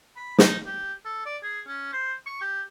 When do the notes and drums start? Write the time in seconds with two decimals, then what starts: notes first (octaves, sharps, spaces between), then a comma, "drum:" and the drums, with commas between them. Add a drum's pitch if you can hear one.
0.16 B5
0.38 D#4, drum: snare
0.66 G4
1.05 A4
1.26 D5
1.43 G#4
1.67 C#4
1.93 C5
2.26 C#6
2.41 G4